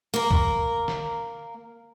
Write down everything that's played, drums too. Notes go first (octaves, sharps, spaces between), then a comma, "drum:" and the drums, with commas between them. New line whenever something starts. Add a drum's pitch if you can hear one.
A#3 A#4
drum: kick
drum: snare